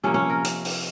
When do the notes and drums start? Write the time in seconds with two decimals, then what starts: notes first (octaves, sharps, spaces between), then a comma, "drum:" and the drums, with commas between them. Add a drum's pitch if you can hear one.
0.03 C3 F3 A#3 C#4 C#5
0.14 C#4 C#5
0.30 A#4
0.44 drum: hi-hat
0.65 drum: open hi-hat